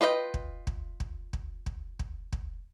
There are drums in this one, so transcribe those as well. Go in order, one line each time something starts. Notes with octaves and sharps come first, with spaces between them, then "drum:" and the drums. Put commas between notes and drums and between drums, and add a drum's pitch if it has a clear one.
F4 B4 D#5 E5 G5
drum: kick
drum: kick
drum: kick
drum: kick
drum: kick
drum: kick
drum: kick